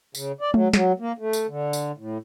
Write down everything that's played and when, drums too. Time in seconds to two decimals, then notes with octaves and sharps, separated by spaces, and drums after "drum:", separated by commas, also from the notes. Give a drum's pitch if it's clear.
0.15 C#3, drum: tambourine
0.41 D5
0.54 F#3, drum: tom G#3
0.73 F#3, drum: snare
1.00 A#3
1.18 A3
1.33 drum: tambourine
1.48 D3
1.73 drum: tambourine
1.97 A2